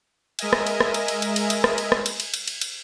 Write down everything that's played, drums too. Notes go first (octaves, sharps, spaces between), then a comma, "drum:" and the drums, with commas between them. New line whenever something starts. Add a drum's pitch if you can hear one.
G#3 A#4 D#5 E5 G#5, drum: cymbal
drum: rim click
drum: cymbal
drum: rim click
drum: cymbal
drum: cymbal
drum: cymbal
drum: cymbal
drum: cymbal
drum: rim click
drum: cymbal
drum: rim click
drum: cymbal
drum: cymbal
drum: cymbal
drum: cymbal
drum: cymbal